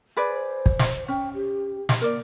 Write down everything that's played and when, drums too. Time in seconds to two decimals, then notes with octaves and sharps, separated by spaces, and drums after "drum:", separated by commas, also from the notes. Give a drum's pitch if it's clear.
0.17 G#4 B4 D5
0.28 C5
0.66 drum: kick
0.79 drum: snare
1.08 C#4 G5
1.34 G4
1.89 drum: snare
2.01 A#3 A#4 D5